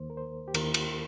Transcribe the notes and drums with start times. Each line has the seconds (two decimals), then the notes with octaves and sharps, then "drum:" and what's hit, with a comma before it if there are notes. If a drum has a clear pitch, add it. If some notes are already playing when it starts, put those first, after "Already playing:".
Already playing: D#2 D#3 A#3 C5
0.10 A#4
0.17 C5
0.48 G4
0.54 D#2 D#3 A#3 A#4, drum: cymbal
0.74 drum: cymbal